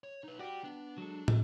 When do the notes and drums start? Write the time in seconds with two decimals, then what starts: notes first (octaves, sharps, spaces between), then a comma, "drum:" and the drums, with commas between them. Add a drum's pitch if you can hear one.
0.04 C#5
0.24 D#4 B4
0.39 F#4 G4 D5 G5
0.64 B3 D4
0.98 F#3 G#3 A4
1.28 A3, drum: tom